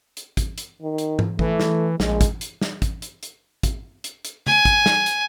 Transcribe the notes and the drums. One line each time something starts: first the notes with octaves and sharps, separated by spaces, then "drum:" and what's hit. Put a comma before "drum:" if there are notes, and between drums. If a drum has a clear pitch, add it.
drum: hi-hat
drum: kick, hi-hat
drum: hi-hat
D#3
drum: hi-hat
drum: tom G#2
E3 A3, drum: kick
drum: snare
A#1 G#3, drum: snare
drum: kick, hi-hat
drum: hi-hat
drum: snare
drum: kick, hi-hat
drum: hi-hat
drum: hi-hat
drum: kick, hi-hat
drum: hi-hat
drum: hi-hat
G#5, drum: tom C#3
drum: kick, hi-hat
drum: snare
drum: hi-hat